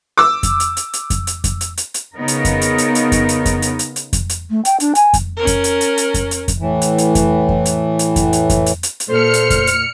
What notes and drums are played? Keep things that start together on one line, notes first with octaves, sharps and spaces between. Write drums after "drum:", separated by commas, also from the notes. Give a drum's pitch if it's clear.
D6 E6
drum: kick F2, hi-hat
drum: hi-hat
drum: hi-hat
drum: hi-hat
drum: kick F2, hi-hat
drum: hi-hat
drum: kick F2, hi-hat
drum: hi-hat
drum: hi-hat
drum: hi-hat
C#3 B3 D#4 A#4
drum: hi-hat
drum: kick F2, hi-hat
drum: hi-hat
drum: hi-hat
drum: hi-hat
drum: kick F2, hi-hat
drum: hi-hat
drum: kick F2, hi-hat
drum: hi-hat
drum: hi-hat
drum: hi-hat
drum: kick F2, hi-hat
drum: hi-hat
A3
G5, drum: hi-hat
D4, drum: hi-hat
G#5, drum: hi-hat
drum: kick F2, hi-hat
C#4 A#4
drum: kick F2, hi-hat
drum: hi-hat
drum: hi-hat
drum: hi-hat
drum: kick F2, hi-hat
drum: hi-hat
drum: kick F2, hi-hat
A2 E3
drum: hi-hat
drum: hi-hat
drum: kick F2, hi-hat
drum: kick F2
drum: hi-hat
drum: hi-hat
drum: kick F2, hi-hat
drum: hi-hat
drum: kick F2, hi-hat
drum: hi-hat
drum: hi-hat
drum: hi-hat
A#2 A4 C5 F6 C#7
drum: hi-hat
drum: kick F2, hi-hat
drum: hi-hat